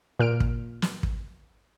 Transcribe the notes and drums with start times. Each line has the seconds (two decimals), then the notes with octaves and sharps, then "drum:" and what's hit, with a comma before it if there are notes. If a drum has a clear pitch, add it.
0.19 A#2 F6 D7
0.40 drum: kick
0.82 drum: snare
1.03 drum: kick